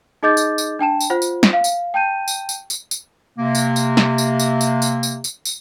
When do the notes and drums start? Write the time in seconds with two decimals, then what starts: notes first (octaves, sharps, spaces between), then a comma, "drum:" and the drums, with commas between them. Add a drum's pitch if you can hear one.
0.23 D#4 G#4 D#5 D6 G6 A6
0.37 drum: tambourine
0.58 drum: tambourine
0.79 D4 G5 A5 E7
1.01 drum: tambourine
1.10 F4 C5 F#5
1.22 drum: tambourine
1.43 drum: snare
1.53 F5
1.64 drum: tambourine
1.94 G5 A5 G6 D#7
2.28 drum: tambourine
2.49 drum: tambourine
2.70 drum: tambourine
2.91 drum: tambourine
3.38 C3 A#3
3.55 drum: tambourine
3.76 drum: tambourine
3.97 drum: snare
4.18 drum: tambourine
4.39 drum: tambourine
4.61 drum: tambourine
4.82 drum: tambourine
5.03 drum: tambourine
5.24 drum: tambourine
5.45 drum: tambourine